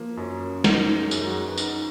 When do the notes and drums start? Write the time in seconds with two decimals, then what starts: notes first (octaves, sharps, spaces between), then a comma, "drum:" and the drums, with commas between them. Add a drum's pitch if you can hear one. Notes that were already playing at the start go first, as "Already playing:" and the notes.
Already playing: F3 A#3
0.17 F#2 C#4
0.64 D#4 A#4, drum: snare
0.96 G#4
1.11 F#2, drum: tambourine
1.20 G#4
1.27 F#4
1.49 B4
1.58 D#4 A#4, drum: tambourine